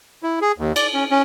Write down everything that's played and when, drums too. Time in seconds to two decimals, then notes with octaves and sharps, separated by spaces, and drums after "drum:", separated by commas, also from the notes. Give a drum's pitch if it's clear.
0.23 E4
0.41 G#4
0.58 D#2
0.76 D5, drum: cymbal
0.94 C#4
1.11 C#4